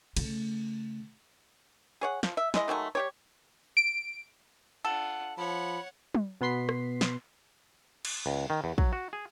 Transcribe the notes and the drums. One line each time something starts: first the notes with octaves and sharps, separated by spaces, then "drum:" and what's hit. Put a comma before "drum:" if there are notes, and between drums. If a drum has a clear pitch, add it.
C#3 A3, drum: cymbal
G#4 C#5 F#5
F3, drum: snare
E5
G#3 E4 D#5, drum: snare
D#3 F#3 G#3 A3
G3 G4 C#5
D7
D4 F4 A4 F#5
F3 C#5 F#5 B5
drum: tom
B2 B3 B4 C6 B6 C7
drum: rim click
drum: snare
drum: cymbal
C#2
D#3
E2
F#3, drum: kick
F#4
G#4